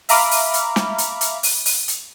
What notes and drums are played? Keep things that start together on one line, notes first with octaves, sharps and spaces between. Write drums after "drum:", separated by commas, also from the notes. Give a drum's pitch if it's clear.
E5 F5 A#5 B5 D6 F6, drum: open hi-hat
drum: open hi-hat
drum: hi-hat
drum: snare
drum: hi-hat
drum: hi-hat
drum: open hi-hat
drum: open hi-hat
drum: hi-hat